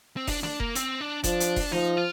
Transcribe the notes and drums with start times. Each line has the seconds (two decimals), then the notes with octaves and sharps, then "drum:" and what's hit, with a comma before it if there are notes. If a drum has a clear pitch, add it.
0.17 C4
0.27 D4, drum: kick F1, open hi-hat
0.43 D4, drum: snare
0.60 A#3, drum: kick F1
0.75 C4, drum: hi-hat
1.01 D4
1.24 F3 D4, drum: kick F1, hi-hat
1.40 drum: hi-hat
1.56 drum: kick F1, open hi-hat
1.72 F3 D#4, drum: snare
1.97 F4